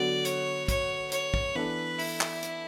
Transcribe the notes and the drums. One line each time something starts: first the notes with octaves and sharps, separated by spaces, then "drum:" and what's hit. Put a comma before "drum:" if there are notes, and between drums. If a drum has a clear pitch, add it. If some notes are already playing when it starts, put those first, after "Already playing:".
Already playing: D3 F#3 B3 F#4 D5
C#5, drum: hi-hat
C#5, drum: kick, hi-hat
C#5, drum: hi-hat
drum: kick
E3 B3 D4 A4 B4
E4, drum: open hi-hat
drum: clap
drum: hi-hat